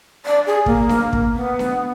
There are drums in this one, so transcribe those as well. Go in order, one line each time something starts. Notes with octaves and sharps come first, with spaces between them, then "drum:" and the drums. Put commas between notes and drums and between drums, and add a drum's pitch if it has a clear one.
D5
G#4
A#3, drum: kick
drum: snare D4
drum: kick
B3
drum: snare D4